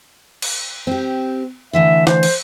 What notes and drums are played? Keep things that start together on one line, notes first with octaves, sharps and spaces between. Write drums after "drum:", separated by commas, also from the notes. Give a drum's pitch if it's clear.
drum: cymbal
C4 G4
D3 E3 A3 E5
C5, drum: snare
drum: cymbal